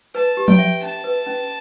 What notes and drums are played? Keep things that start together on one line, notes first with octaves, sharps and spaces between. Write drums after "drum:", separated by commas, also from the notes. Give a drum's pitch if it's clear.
B4 A5
G4
G5, drum: tom F3
E5
C#4 A5
B4
C#4